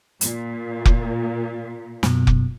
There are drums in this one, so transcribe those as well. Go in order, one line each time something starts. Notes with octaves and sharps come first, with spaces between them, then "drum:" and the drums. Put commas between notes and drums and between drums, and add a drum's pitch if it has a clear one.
A#2, drum: hi-hat
drum: kick F1
F#2 B2, drum: snare
drum: kick F1